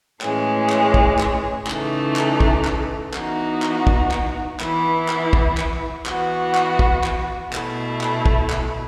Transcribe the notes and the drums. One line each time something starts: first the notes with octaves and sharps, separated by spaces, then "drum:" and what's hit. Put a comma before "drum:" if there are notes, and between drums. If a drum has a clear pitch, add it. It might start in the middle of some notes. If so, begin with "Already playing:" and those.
A2 E3 G#3 C#4, drum: clap
drum: clap
drum: kick
drum: clap
C#3 E3 A3 D#4, drum: clap
drum: clap
drum: kick
drum: clap
E3 B3 D#4 F#4, drum: clap
drum: clap
drum: kick
drum: clap
E3 B3 E4, drum: clap
drum: clap
drum: kick
drum: clap
E3 B3 F#4, drum: clap
drum: clap
drum: kick
drum: clap
B2 A3 E4, drum: clap
drum: clap
drum: kick
drum: clap